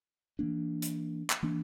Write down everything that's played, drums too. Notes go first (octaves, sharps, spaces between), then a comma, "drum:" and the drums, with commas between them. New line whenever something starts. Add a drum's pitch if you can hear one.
E3 A#3 D4
drum: hi-hat
drum: clap
E3 A#3 D4